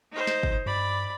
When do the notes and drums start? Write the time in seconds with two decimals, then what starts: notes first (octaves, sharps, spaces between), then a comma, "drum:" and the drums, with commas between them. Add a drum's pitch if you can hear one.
0.11 D#4 C5
0.27 drum: snare
0.43 drum: kick
0.66 G2 D5 B5